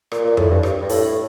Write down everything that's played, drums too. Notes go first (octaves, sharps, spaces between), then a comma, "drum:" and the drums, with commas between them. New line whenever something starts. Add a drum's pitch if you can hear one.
A#2, drum: rim click
A#2
A2, drum: tom F2
G2
drum: rim click
G2
A2, drum: open hi-hat